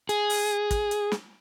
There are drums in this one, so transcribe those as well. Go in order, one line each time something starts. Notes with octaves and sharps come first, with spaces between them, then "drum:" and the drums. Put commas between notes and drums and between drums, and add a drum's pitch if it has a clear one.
G#4, drum: hi-hat
drum: open hi-hat
drum: kick, hi-hat
drum: hi-hat
drum: snare